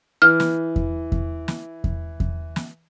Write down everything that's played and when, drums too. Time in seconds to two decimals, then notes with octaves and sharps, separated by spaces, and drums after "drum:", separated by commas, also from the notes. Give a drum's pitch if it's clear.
0.22 E3 F6
0.40 drum: snare
0.76 drum: kick E2
1.12 drum: kick E2
1.48 drum: snare
1.84 drum: kick E2
2.20 drum: kick E2
2.56 drum: snare